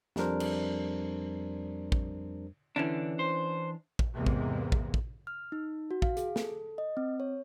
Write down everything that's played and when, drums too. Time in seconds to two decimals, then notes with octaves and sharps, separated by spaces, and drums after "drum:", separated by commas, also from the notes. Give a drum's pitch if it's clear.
0.16 F2 G3 D4 A#4 C5, drum: snare
0.40 drum: cymbal
1.92 drum: kick
2.76 D3 E3 C#4 D4
3.19 C5
3.99 drum: kick
4.14 E2 G#2 C3 E3 G#3 A#3
4.27 drum: kick
4.72 drum: kick
4.94 drum: kick
5.27 F6
5.52 D#4
5.91 F#4
6.02 F5, drum: kick
6.17 G#4, drum: hi-hat
6.36 A4, drum: snare
6.78 D#5
6.97 C4
7.20 C#5